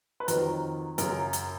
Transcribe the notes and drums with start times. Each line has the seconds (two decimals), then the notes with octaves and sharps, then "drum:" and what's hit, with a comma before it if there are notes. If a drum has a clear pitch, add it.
0.20 B4
0.28 F2 D#3 F#3 A#4, drum: hi-hat
0.98 F#2 C#3 F#3 A#4, drum: hi-hat
1.33 drum: hi-hat